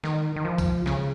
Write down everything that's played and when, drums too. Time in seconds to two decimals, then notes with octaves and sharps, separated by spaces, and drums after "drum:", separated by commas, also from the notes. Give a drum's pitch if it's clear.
0.04 D#3, drum: snare
0.36 D#3
0.45 F3
0.58 drum: kick C2, tambourine
0.86 C#3, drum: snare